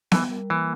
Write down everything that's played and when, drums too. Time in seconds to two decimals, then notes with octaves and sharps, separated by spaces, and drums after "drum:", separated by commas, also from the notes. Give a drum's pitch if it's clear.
0.12 E3 G3, drum: snare B3
0.31 A#4
0.50 E3 A#3